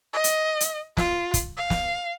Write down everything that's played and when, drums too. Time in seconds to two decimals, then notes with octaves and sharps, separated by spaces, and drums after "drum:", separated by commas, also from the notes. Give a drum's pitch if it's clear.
0.13 D#5
0.24 drum: hi-hat
0.60 drum: hi-hat
0.97 F4, drum: snare
1.34 drum: kick, hi-hat
1.57 F5
1.70 drum: snare